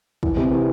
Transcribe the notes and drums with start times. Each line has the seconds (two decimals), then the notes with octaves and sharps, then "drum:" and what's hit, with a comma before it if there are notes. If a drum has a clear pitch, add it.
0.23 E3, drum: kick
0.37 C3
0.51 E3